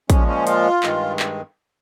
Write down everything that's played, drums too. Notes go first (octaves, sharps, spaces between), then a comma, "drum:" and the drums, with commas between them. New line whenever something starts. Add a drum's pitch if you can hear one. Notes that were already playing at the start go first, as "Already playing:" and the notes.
A#2 F3 G#3 C#4, drum: kick, hi-hat
C#4
F4, drum: hi-hat
G2 D#3 G#3, drum: clap
drum: clap